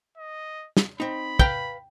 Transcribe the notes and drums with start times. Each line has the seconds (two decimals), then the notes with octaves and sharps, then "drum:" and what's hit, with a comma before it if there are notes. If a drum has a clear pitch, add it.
0.18 D#5
0.77 drum: snare
1.00 C4 D#4 B5
1.39 B4 F5 G5 A#5, drum: kick